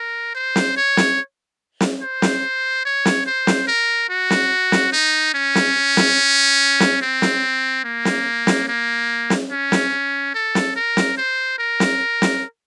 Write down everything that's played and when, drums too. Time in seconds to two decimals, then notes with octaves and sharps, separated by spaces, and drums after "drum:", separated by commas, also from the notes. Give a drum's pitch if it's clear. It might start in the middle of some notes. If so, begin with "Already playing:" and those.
Already playing: A#4
0.34 C5
0.56 drum: snare
0.77 C#5
0.97 drum: snare
1.81 drum: snare
2.02 C5
2.22 drum: snare
2.85 C#5
3.05 drum: snare
3.26 C5
3.47 drum: snare
3.68 A#4
4.09 F#4
4.30 drum: snare
4.72 drum: snare
4.93 D#4
5.34 C#4
5.55 drum: snare
5.97 drum: snare
6.80 drum: snare
7.01 C4
7.22 drum: snare
7.84 A#3
8.05 drum: snare
8.47 drum: snare
8.68 A#3
9.30 drum: snare
9.51 C#4
9.72 drum: snare
10.34 A4
10.55 drum: snare
10.76 A#4
10.97 drum: snare
11.17 C5
11.59 A#4
11.80 drum: snare
12.22 drum: snare